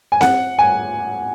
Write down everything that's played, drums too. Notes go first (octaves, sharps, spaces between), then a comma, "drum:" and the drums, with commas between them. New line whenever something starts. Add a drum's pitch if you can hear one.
G#5
F#5, drum: snare C4
G#5